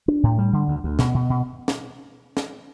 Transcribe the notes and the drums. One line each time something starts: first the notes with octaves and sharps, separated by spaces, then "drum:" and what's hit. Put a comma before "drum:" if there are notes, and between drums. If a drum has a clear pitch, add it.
D4
A2
G3
D3
D2
D2
B2, drum: snare
B2
B2
drum: snare
drum: snare